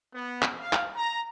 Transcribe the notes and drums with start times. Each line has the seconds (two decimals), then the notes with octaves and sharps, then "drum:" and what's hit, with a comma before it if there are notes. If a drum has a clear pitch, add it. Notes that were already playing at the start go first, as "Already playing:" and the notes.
0.14 B3
0.42 drum: clap
0.60 F5
0.73 drum: clap
0.97 A#5